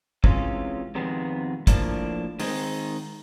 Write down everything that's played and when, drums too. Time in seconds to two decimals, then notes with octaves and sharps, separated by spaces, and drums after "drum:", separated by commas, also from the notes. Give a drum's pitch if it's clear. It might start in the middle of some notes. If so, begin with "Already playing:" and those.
0.24 C3 E3 G#3 C#4 F4, drum: kick
0.95 F2 C3 D#3 G#3 B3
1.67 A2 F3 A#3 D4, drum: kick, hi-hat
2.39 D#3 G#3 C4 D#4, drum: open hi-hat